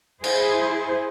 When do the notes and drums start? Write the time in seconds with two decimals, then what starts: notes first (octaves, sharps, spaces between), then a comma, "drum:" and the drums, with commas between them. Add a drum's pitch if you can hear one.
0.24 E4 G#4 C5, drum: cymbal